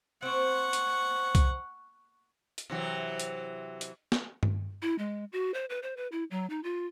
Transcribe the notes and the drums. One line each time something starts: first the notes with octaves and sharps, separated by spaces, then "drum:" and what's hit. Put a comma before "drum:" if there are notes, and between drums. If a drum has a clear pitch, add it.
C4 C5 F#5 C#6
drum: hi-hat
drum: kick C2, hi-hat
drum: hi-hat
C3 E3 F#3
drum: hi-hat
drum: hi-hat
drum: snare
drum: tom G2
E4
G#3
F#4
C5
B4
C5
B4
E4
F#3
D#4
F4